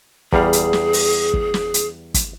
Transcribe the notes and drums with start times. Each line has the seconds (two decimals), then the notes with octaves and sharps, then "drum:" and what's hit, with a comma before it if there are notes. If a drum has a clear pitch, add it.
0.33 E2 G3 G#4 F5, drum: kick
0.53 drum: hi-hat
0.73 drum: snare
0.93 drum: open hi-hat
1.34 drum: kick
1.54 drum: snare
1.74 drum: hi-hat
2.14 drum: kick, hi-hat